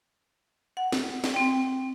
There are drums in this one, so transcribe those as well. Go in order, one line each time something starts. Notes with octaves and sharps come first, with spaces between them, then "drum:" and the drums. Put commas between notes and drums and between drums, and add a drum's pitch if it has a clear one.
F#5
drum: snare
drum: snare
C4 G5